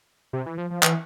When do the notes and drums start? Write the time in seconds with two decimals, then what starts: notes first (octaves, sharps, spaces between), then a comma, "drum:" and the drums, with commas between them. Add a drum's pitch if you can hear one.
0.33 C3
0.46 E3
0.58 F3
0.70 F3
0.83 E3, drum: clap